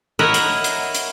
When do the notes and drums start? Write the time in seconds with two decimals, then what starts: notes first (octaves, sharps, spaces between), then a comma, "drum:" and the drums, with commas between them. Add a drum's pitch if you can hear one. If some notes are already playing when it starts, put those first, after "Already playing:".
0.19 E4 A#4 C#5 D#5 E5 F#5
0.34 drum: hi-hat
0.64 drum: hi-hat
0.94 drum: hi-hat